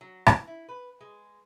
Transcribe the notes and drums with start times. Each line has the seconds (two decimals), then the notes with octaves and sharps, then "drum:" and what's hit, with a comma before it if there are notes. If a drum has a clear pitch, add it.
0.01 F#3
0.26 E3, drum: rim click
0.47 E4
0.68 B4
1.01 G#3